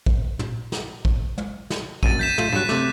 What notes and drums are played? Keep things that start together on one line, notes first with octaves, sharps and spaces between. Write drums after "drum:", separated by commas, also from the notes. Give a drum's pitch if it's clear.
drum: kick
drum: tom
drum: snare
drum: kick
drum: tom
drum: snare
A#1 F#2 A6 D#7, drum: kick
G6 B6 E7
A3 F4, drum: tom
G2 F#3 F#6 B6
C3 A3 D6, drum: snare